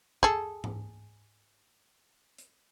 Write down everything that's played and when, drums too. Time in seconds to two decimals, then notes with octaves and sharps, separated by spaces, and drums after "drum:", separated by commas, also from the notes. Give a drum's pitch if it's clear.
0.23 G#4 A4, drum: kick
0.64 drum: tom G#2
2.38 drum: hi-hat